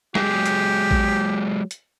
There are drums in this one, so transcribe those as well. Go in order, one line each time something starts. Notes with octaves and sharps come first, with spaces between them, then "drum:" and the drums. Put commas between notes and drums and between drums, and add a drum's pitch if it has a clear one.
F#3 G#3 G4 G#4, drum: snare G#3
drum: hi-hat
drum: kick A1
drum: hi-hat